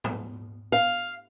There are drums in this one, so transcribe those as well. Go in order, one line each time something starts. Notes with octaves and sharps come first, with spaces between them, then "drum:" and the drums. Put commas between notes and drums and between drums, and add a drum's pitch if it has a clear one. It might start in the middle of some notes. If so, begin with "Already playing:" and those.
drum: tom G#2
F5